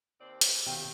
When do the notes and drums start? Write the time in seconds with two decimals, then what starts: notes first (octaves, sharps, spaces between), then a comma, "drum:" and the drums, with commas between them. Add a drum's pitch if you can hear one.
0.20 D#2 C4 D5
0.41 drum: hi-hat
0.66 F#2 B2 D#3 C4 G4 F5 G5